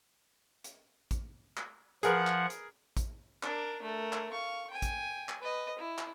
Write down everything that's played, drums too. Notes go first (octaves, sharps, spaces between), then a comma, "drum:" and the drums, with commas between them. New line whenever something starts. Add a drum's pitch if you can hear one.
drum: hi-hat
drum: kick A1, hi-hat
drum: clap
F3 G#4 A#4 B4 F#5, drum: hi-hat
drum: clap
drum: hi-hat
drum: kick A1, hi-hat
D4 A#4, drum: clap
A3 A#4
drum: clap
F5 C#6
G5 G#5
drum: kick A1, hi-hat
drum: clap
B4 D#5
E4
drum: clap